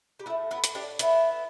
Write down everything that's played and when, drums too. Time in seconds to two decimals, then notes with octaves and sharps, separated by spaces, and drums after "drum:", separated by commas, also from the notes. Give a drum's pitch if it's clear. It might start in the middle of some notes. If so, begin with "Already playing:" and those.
0.20 G4
0.26 A2 A3 B3 E4
0.51 B3 E4
0.64 drum: hi-hat
0.75 D4 G4
0.99 B3 E4, drum: hi-hat